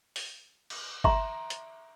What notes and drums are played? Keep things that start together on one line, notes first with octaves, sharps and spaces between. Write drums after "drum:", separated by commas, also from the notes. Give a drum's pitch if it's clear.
drum: open hi-hat
drum: cymbal
E5 A#5 C6, drum: kick G1
drum: hi-hat